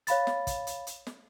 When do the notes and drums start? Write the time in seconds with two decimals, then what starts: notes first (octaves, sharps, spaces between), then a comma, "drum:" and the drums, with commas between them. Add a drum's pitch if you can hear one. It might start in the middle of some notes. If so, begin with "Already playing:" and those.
0.07 C#5 F5 B5 A6, drum: hi-hat
0.27 drum: snare
0.47 drum: kick, hi-hat
0.67 drum: hi-hat
0.87 drum: hi-hat
1.07 drum: snare